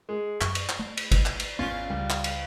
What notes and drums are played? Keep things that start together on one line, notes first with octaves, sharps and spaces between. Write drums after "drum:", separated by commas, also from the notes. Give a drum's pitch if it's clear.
G#3
F#2 C#6, drum: clap
drum: cymbal
drum: clap
A3
drum: cymbal
drum: kick, cymbal
drum: clap
drum: cymbal
G#1 E2 B3 C#4 F4
C#2 G3
drum: clap
drum: cymbal